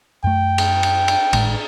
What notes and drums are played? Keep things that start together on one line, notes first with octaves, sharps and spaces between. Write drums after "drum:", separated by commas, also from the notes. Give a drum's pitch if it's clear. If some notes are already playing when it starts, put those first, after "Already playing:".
F#2 A3 G5
drum: cymbal
drum: cymbal
drum: cymbal
G#1 A2 G#3, drum: cymbal